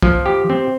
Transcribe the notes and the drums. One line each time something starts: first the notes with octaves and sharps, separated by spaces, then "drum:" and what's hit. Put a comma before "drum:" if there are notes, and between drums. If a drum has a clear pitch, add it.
F3, drum: kick
G4
C4